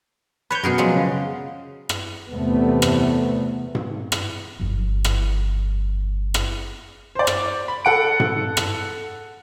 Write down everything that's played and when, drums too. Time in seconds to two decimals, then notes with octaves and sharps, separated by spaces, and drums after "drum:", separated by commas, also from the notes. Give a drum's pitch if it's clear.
0.51 B4 C#5 A5 G6
0.63 F#2 B2 F#4 G#4 A#4
0.78 F3 F#3 G#3
0.96 C#3
1.89 drum: rim click
2.33 E2 C3 A3 B3
2.82 drum: rim click
3.75 drum: tom G#2
4.12 drum: rim click
4.60 G1 F2
5.05 drum: rim click
6.34 drum: rim click
7.15 C5 D5
7.27 drum: rim click
7.68 B5
7.85 A4 F#5 D7
8.20 drum: tom G#2
8.57 drum: rim click